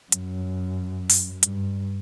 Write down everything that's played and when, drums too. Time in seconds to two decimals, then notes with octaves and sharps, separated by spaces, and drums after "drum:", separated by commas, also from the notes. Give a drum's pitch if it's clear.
0.12 F#2, drum: hi-hat
1.10 drum: open hi-hat
1.43 G2, drum: hi-hat